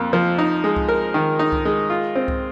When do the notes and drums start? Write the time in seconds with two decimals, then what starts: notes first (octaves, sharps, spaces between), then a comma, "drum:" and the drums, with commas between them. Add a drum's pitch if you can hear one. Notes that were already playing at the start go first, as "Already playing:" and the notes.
Already playing: F2 A#3
0.13 F3
0.39 D#4
0.64 G#3
0.76 drum: kick C2
0.89 A#4
1.14 D#3
1.39 D#4
1.52 drum: kick C2
1.65 G#3
1.90 F4
2.15 C4
2.28 drum: kick C2